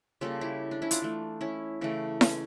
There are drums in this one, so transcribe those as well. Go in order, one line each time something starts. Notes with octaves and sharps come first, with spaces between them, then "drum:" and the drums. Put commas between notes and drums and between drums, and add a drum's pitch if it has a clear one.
C#3 G3 A#3 F4 A4
E4 G4
D4
C#4 E4
D4 F4, drum: hi-hat
E3 A3
C#4 E4
C#3 E3 A3
C#4, drum: snare E4